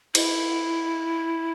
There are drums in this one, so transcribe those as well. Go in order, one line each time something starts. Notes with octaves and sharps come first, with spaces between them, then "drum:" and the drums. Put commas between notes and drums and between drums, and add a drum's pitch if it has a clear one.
E4, drum: cymbal